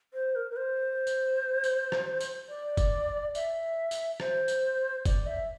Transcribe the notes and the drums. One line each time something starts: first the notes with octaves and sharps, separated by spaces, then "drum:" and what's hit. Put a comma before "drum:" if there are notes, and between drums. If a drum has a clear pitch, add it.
C5
A#4
A#4
C5
drum: tambourine
drum: tambourine
drum: rim click
drum: tambourine
D5
drum: kick F1, tambourine
E5, drum: tambourine
drum: tambourine
C5, drum: rim click
drum: tambourine
D5, drum: kick F1, tambourine
E5